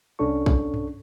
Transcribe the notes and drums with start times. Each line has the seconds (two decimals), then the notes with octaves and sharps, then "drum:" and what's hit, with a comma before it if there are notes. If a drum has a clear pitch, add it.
0.19 C2 C#4 D4 A4 C#6
0.46 drum: kick
0.74 drum: tom G2